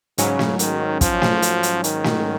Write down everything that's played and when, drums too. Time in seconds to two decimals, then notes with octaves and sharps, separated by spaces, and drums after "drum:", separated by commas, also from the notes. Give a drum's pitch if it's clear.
0.18 G#2 C#3 F#3 C#4, drum: hi-hat
0.39 drum: snare
0.59 D#3, drum: hi-hat
1.01 F3, drum: kick, hi-hat
1.22 drum: snare
1.42 drum: hi-hat
1.63 drum: hi-hat
1.84 D#3, drum: hi-hat
2.04 drum: snare